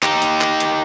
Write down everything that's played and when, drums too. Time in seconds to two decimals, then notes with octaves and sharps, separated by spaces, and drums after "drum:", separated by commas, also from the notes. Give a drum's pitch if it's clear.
0.03 D#4 G4, drum: clap
0.22 drum: hi-hat
0.41 drum: clap
0.60 drum: hi-hat